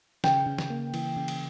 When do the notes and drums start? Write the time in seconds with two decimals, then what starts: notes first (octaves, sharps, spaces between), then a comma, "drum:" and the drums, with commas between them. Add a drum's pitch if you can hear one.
0.24 C#3 G5, drum: snare
0.46 C#3
0.58 drum: snare
0.70 A#3
0.94 E3, drum: cymbal
1.17 C#3
1.28 drum: cymbal